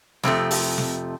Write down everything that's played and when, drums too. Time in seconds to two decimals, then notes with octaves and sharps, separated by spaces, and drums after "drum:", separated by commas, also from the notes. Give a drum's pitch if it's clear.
0.23 F2 C3 F3 A3, drum: snare
0.51 drum: open hi-hat
0.78 drum: snare